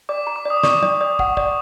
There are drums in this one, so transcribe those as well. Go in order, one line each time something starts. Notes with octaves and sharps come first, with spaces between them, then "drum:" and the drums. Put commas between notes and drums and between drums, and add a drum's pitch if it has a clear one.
D5 D6
A#5
D6
D5 D#6
D6
D5 C#6, drum: snare
D5 D6, drum: tom
D5 D#6
F#5 D6, drum: kick
D5, drum: kick